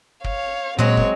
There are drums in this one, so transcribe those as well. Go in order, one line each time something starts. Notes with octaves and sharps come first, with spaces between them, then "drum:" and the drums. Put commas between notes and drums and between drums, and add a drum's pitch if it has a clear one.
C#5 F5, drum: kick
A#2 F#3 G#3 C4 C#5
drum: kick